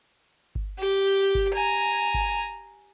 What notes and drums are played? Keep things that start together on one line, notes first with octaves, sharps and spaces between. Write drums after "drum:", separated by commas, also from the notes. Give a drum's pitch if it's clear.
drum: kick G1
G4
drum: kick G1
G#5 A#5
drum: kick G1